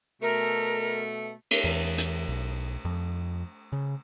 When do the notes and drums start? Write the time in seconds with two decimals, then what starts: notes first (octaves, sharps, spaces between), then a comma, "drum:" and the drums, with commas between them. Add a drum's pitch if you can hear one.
0.22 B2 A3 A#4
1.51 drum: cymbal
1.64 E2
1.98 drum: hi-hat
2.28 B1
2.85 F2
3.72 C#3